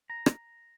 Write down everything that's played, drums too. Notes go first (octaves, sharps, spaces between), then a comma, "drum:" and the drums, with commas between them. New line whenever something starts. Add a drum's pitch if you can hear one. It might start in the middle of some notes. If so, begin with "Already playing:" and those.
A#5
drum: rim click